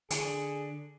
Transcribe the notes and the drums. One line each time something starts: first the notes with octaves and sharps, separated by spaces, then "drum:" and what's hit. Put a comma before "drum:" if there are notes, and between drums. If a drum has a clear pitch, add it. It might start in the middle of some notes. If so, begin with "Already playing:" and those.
D3 G#4, drum: hi-hat